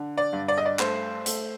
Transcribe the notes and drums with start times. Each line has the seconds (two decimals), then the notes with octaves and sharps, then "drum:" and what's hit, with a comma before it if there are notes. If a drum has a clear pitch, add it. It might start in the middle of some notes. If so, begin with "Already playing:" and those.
Already playing: D3
0.17 D5
0.33 G2
0.48 D5
0.58 D#5
0.65 D5
0.79 A3 C5, drum: clap
1.26 A3, drum: hi-hat